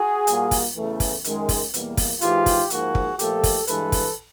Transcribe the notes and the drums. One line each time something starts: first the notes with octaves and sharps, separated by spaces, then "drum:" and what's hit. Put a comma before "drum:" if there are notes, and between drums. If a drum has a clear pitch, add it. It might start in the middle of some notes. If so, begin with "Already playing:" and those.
Already playing: F#4 G#4
A#2 G3 A#3, drum: hi-hat
drum: kick, open hi-hat
E2 C#3 E3 A3
drum: kick, open hi-hat
F#2 D#3 G#3, drum: hi-hat
drum: kick, open hi-hat
E2 B2 G3 A#3, drum: hi-hat
drum: kick, open hi-hat
G#2 E3 G#3 F4 G4, drum: hi-hat
drum: kick, open hi-hat
G#2 F3 A#3 F#4 G#4, drum: hi-hat
drum: kick
A#2 F3 A3 G4 A4, drum: hi-hat
drum: kick, open hi-hat
G2 E3 G#3 A4 B4, drum: hi-hat
drum: kick, open hi-hat